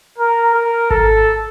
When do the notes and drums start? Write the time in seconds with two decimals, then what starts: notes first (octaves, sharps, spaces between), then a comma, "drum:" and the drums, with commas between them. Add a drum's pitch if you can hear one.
0.18 A#4
0.54 A#4
0.90 A4, drum: kick G#1